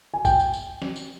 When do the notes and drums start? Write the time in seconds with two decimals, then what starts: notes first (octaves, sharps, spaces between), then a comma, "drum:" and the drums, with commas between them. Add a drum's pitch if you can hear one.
0.14 G#5
0.25 G5, drum: kick, tambourine
0.39 drum: tambourine
0.54 drum: tambourine
0.82 drum: snare
0.96 drum: tambourine